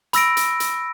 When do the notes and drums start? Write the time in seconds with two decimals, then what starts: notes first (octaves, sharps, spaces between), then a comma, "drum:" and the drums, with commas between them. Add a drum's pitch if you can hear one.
0.13 B5 E6 A#6 D7, drum: hi-hat
0.37 drum: hi-hat
0.60 drum: hi-hat